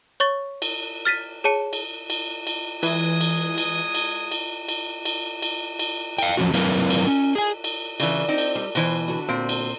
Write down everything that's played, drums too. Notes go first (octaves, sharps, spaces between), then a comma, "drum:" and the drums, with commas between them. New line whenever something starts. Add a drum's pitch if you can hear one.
C#5 C#6 A6
drum: cymbal
F6 A6 B6 D#7
G#4 C#5 A5 C#7
drum: cymbal
drum: cymbal
drum: cymbal
E3 G#3 G#5 D#6, drum: cymbal
drum: cymbal
drum: cymbal
drum: cymbal
drum: cymbal
drum: cymbal
drum: cymbal
drum: cymbal
drum: cymbal
F5 G5, drum: cymbal
F3 F#3 G#3 C#4 F#4
F#3 C4 E4 A#4 B4 F5, drum: cymbal
drum: cymbal
C#4
G#4 G#5
drum: cymbal
C#3 E3 D5, drum: cymbal
C4 D#4
drum: cymbal
G3
B2 E3 C5, drum: cymbal
D3 B3 F#4
A#2 C4
drum: cymbal